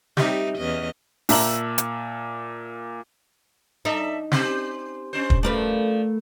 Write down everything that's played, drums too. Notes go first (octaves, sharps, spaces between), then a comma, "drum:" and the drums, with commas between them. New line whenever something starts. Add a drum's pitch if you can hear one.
G3 C4 D#4 G4 E5, drum: snare
E2 C#4 D#5
A#2 E5 A5 A#5 E6 F#7, drum: open hi-hat
drum: hi-hat
D#4 A4 D5 E5
C4 G4 C5, drum: snare
C#4 D4 C5
drum: kick
F3 A3 A#4 B4 D5